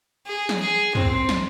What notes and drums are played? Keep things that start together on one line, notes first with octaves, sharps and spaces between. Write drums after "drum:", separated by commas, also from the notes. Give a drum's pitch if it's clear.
G#4
drum: snare
G#4
C4, drum: tom
drum: snare